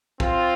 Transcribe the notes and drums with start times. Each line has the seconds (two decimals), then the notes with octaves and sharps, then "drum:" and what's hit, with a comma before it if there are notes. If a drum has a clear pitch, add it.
0.20 C4 F4, drum: kick